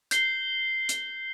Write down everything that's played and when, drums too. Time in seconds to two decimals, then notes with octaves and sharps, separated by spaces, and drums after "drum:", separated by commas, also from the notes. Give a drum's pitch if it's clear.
0.11 G6 C7 G7, drum: hi-hat
0.89 drum: hi-hat